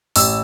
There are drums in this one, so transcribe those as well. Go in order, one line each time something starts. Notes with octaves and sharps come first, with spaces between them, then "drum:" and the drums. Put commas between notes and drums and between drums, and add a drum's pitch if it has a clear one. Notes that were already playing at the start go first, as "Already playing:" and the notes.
A1 E6, drum: open hi-hat